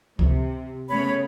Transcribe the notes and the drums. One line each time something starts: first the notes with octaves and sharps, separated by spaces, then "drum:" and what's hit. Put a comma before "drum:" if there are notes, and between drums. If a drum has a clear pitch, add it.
C3, drum: kick C#2
C#3 A3 B3 C#5 B5